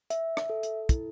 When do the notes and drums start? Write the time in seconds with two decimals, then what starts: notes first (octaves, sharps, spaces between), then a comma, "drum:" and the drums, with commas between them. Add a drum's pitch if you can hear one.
0.10 E5, drum: hi-hat
0.37 drum: rim click
0.50 A4
0.63 drum: hi-hat
0.89 E4, drum: kick, hi-hat